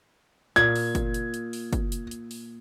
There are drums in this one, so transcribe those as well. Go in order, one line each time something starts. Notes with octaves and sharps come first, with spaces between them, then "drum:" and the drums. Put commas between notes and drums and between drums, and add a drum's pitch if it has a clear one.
A#2 G#6, drum: hi-hat
drum: open hi-hat
drum: kick, hi-hat
drum: hi-hat
drum: hi-hat
drum: open hi-hat
drum: kick, hi-hat
drum: hi-hat
drum: hi-hat
drum: open hi-hat